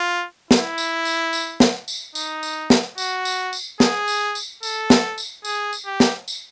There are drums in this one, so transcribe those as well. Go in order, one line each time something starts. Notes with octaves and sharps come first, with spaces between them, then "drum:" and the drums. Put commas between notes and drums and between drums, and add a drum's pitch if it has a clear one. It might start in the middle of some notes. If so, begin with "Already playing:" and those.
Already playing: F4
E4, drum: snare
drum: tambourine
drum: tambourine
drum: tambourine
drum: snare
drum: tambourine
D#4, drum: tambourine
drum: tambourine
drum: snare
F#4, drum: tambourine
drum: tambourine
drum: tambourine
G#4, drum: snare
drum: tambourine
drum: tambourine
A4, drum: tambourine
drum: snare
drum: tambourine
G#4, drum: tambourine
drum: tambourine
G4
drum: snare
drum: tambourine